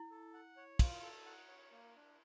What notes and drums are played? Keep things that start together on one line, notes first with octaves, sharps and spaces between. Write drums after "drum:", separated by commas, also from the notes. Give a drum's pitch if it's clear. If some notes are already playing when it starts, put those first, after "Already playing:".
Already playing: E4
A4
F#5
C#5
F4, drum: kick, cymbal
A4
F#5
C#5
A#3
D4